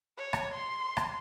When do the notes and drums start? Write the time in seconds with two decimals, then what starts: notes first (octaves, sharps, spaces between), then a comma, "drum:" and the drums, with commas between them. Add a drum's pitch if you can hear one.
0.18 C#5
0.33 drum: rim click
0.54 C6
0.97 drum: rim click